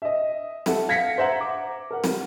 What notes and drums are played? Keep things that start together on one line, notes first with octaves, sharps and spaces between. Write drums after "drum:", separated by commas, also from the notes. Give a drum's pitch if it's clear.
D#5 E5
A4 E5 F#5, drum: snare
F5 G#6 A#6 B6 C#7
C5 E5 F#5 A#5
D6
A#4 F#5
drum: snare